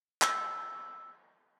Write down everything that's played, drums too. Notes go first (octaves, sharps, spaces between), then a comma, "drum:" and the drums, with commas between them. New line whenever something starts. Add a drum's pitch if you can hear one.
E6, drum: clap